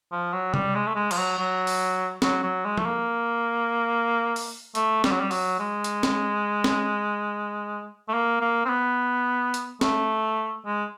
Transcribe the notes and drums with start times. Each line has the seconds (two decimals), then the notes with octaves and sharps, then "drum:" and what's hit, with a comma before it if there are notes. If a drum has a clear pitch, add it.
0.11 F3
0.32 F#3
0.54 G3, drum: tom C3
0.75 G#3
0.87 A3
0.95 G#3
1.11 F3, drum: cymbal
1.17 F#3
1.38 F#3
1.67 drum: open hi-hat
2.22 F#3, drum: snare
2.43 F#3
2.65 G#3
2.78 A3, drum: tom F3
2.85 A#3
4.36 drum: open hi-hat
4.75 A3, drum: hi-hat
5.04 G3, drum: snare
5.11 F#3
5.20 G3
5.31 F#3, drum: open hi-hat
5.59 G#3
5.84 drum: hi-hat
6.03 drum: snare
6.64 drum: snare
8.08 A3
8.14 A#3
8.40 A#3
8.65 C4
8.69 B3
9.54 drum: hi-hat
9.81 A3, drum: snare
10.66 G#3